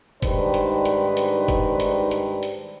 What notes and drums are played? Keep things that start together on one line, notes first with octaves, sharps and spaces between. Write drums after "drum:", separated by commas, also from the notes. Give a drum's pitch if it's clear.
G#2 D#3 G3 D4 B4 C5, drum: kick F#1, hi-hat
drum: hi-hat
drum: hi-hat
drum: hi-hat
drum: kick F#1, hi-hat
drum: hi-hat
drum: hi-hat
drum: hi-hat